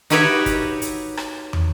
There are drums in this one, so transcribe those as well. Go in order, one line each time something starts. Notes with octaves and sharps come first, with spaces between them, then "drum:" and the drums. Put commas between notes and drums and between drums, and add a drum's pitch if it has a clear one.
D#4 F#4 G4 B4 C#5 E5, drum: hi-hat
drum: kick, hi-hat
drum: hi-hat
drum: rim click
drum: tom